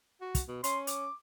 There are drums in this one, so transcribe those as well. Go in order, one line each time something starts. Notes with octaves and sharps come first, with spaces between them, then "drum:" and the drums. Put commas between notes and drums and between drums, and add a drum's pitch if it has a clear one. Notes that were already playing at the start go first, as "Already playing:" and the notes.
F#4
drum: kick, hi-hat
B2
C#4 C6, drum: hi-hat
D6, drum: hi-hat